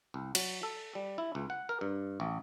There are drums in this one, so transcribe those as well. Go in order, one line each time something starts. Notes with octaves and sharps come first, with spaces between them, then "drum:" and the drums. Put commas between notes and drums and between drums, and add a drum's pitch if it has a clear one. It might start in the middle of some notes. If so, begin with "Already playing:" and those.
C2
F#3, drum: cymbal
A4
G3
E4
C#2
F#5
A#4
G2
A1